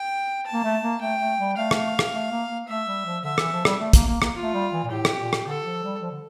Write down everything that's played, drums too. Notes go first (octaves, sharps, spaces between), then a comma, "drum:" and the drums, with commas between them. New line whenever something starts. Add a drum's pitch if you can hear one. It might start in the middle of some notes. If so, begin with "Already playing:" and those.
Already playing: G5
A5
A#3
A3
A#3
A3 G5
A3
G3
A3 F5
drum: rim click
drum: rim click
A3
A#3
A#3
A3 E5
G3
F3
D3 E5
E3, drum: rim click
F3
G3, drum: rim click
A3
A#3, drum: kick, hi-hat
A#3
A#3, drum: rim click
F4
A3
G3
E3
A#2
A2 G4
drum: rim click
A#2
drum: rim click
D3 A4
F3
G3
F3
D3